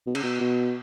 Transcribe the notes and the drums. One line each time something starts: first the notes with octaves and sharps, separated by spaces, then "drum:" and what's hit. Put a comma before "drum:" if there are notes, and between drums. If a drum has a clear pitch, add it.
B2
C#3, drum: cymbal
B2
B2